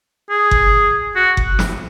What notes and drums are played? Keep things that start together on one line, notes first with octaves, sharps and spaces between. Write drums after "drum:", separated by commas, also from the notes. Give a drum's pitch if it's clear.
G#4
drum: kick F#1
F#4
drum: kick F#1
drum: snare